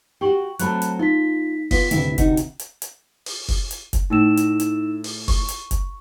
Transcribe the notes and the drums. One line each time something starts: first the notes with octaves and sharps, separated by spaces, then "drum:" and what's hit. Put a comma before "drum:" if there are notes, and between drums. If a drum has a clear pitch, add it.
F#4 G4 G5 C#6 F#7
F#3 A3 C4 A5 B5 F#6, drum: hi-hat
drum: hi-hat
D#4 F4 B6
B3 F4 B6, drum: kick F1, open hi-hat
D2 C3 E4, drum: hi-hat
D#4 F#4, drum: kick F1, hi-hat
drum: hi-hat
drum: hi-hat
drum: hi-hat
drum: open hi-hat
drum: kick F1, open hi-hat
drum: hi-hat
drum: kick F1, hi-hat
A2 D#4 E6 E7
drum: hi-hat
drum: hi-hat
drum: open hi-hat
C#6, drum: kick F1, open hi-hat
drum: hi-hat
drum: kick F1, hi-hat